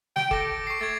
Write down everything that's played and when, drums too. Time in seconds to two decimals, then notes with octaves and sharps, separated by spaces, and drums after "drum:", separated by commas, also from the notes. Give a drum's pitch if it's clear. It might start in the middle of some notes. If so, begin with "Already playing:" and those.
0.16 G5 D7, drum: snare
0.31 A4 D6 A#6, drum: kick F1
0.67 C#6 C7
0.81 A3 G#6 A6